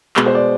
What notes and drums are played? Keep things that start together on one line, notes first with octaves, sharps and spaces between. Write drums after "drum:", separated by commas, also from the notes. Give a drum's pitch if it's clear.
B2 G#3, drum: clap
C5
D5